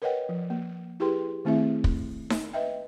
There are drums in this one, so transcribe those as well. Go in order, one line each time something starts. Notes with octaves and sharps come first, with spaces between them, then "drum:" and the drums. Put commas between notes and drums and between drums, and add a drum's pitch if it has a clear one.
A#4 B4 C#5 D#5 F#5 G5
F3
A#3
E4 G4 G#4 B4 G5 C6
D#3 A3 C4 E4 G#4 E5
drum: kick
drum: snare D#4
B4 D#5 E5 G5